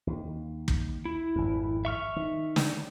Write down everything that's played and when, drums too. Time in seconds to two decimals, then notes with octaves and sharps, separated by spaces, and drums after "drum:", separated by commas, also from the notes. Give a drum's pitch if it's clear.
0.07 D#2
0.68 drum: kick
1.05 E4
1.36 G#1 F2
1.85 E5 C#6 F6
2.16 D#3
2.56 drum: snare